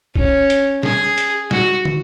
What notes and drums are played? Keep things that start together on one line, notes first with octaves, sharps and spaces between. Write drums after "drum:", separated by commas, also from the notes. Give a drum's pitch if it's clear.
C#4, drum: kick A1
drum: hi-hat
G#4, drum: snare
drum: hi-hat
F#4, drum: snare
drum: tom